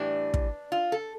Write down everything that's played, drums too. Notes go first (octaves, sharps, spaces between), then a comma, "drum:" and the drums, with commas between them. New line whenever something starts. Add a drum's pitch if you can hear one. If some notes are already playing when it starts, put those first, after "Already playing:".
Already playing: A2 E3 G3 D4
drum: kick
F4
A4